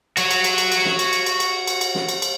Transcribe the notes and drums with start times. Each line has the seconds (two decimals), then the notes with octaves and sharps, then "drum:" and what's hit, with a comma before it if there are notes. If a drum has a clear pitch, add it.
0.17 F#4 C#5, drum: cymbal
0.31 drum: cymbal
0.44 drum: cymbal
0.58 drum: cymbal
0.72 drum: cymbal
0.85 drum: snare
0.99 drum: cymbal
1.13 drum: cymbal
1.26 drum: cymbal
1.40 drum: cymbal
1.67 drum: cymbal
1.81 drum: cymbal
1.95 drum: snare
2.09 drum: cymbal
2.22 drum: cymbal